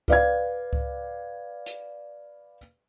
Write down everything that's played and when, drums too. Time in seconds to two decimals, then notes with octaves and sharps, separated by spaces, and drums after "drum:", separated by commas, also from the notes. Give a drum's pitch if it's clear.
0.08 B4 D5 F5 G#6, drum: kick C#2
0.73 drum: kick C#2
1.66 drum: hi-hat